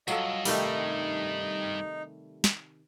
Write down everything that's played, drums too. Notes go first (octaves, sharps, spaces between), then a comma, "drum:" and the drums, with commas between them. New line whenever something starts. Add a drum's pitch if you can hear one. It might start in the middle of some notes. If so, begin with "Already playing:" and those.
G2 F#3 F4 A4 D#5, drum: tambourine
C3 D#3 G3 A3 D#4, drum: open hi-hat
drum: snare